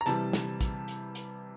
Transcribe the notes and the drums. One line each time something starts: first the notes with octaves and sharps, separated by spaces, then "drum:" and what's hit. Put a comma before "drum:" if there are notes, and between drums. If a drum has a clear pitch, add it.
A#5
C3 E3 G3 A5, drum: hi-hat
drum: snare
drum: kick, hi-hat
drum: hi-hat
drum: hi-hat